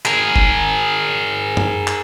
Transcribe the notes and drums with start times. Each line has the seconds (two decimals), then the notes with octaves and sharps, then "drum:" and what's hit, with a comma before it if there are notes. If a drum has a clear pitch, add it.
0.05 G#4 A#4, drum: clap
0.36 drum: kick F#1
1.57 drum: tom F#2
1.87 drum: clap